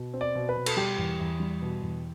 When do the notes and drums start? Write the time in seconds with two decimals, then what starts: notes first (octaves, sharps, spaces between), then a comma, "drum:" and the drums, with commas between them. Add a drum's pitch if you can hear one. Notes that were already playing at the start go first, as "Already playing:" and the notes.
Already playing: B2
0.13 C4
0.21 D5
0.35 B2
0.49 B4
0.57 B2
0.66 A4, drum: cymbal
0.77 G3 G4
0.98 E2
1.20 E2
1.40 G3
1.62 B2
1.82 E2